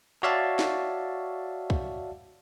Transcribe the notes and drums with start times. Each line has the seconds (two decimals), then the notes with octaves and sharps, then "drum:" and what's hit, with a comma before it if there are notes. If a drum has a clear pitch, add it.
0.23 F#4 C#5 D5 E5 F5 A5, drum: clap
0.59 drum: snare
1.70 drum: kick